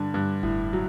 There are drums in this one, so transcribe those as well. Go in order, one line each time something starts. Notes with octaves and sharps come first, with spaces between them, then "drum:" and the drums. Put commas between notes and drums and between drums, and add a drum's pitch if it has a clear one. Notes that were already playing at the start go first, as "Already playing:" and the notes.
Already playing: G2 D3
G2
A2, drum: kick F1
F#3